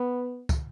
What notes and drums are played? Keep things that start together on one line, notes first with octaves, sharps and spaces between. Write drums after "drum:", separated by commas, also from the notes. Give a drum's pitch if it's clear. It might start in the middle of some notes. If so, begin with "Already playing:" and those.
Already playing: B3
drum: kick, tambourine